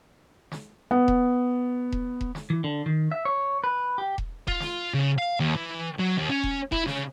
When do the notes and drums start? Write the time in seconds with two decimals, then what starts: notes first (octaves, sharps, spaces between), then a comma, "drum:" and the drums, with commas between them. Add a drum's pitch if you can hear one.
0.52 drum: snare
0.91 B3
1.08 drum: kick E1
1.92 drum: kick E1
2.21 drum: kick E1
2.35 drum: snare
2.50 E3
2.64 D3
2.86 D#3
3.12 E5
3.25 C#5
3.64 B4
3.98 G4
4.18 drum: kick E1
4.48 F4, drum: kick E1
4.60 drum: snare
4.94 C#3
5.18 F5
5.40 D#2
5.56 E3
5.99 F#3
6.17 D#2
6.30 C#4
6.44 drum: kick E1
6.72 E4, drum: kick E1
6.86 C#3, drum: snare